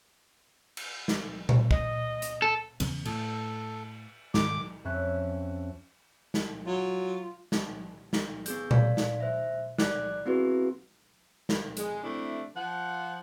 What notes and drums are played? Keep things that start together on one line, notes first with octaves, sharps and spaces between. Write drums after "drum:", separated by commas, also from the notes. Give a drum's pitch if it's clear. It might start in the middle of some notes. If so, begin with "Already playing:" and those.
drum: cymbal
drum: snare
drum: tom A#2
D#5, drum: kick
drum: hi-hat
A4
E2 C#3 B3, drum: cymbal
A2 A4, drum: cymbal
G#2 D#3 D6, drum: snare
F2 C#4 E5 F#6 G#6
drum: snare
F#3 F4
drum: snare
drum: snare
B3 G#4 G6, drum: hi-hat
D5 F5, drum: tom A#2
drum: snare
C5 E5
D5 D6 F#6, drum: snare
B3 C4 E4 F#4 G#4 B4
drum: snare
G#3, drum: hi-hat
C3 A3 D4 E4
F3 F#5